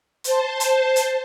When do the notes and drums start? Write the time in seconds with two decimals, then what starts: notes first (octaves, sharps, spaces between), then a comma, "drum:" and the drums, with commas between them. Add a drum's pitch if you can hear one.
0.24 C5 A5, drum: hi-hat
0.60 drum: hi-hat
0.96 drum: hi-hat